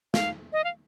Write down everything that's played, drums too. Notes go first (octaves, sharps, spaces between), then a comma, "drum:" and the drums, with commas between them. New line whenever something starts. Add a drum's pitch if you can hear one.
F5, drum: snare
D#5
F5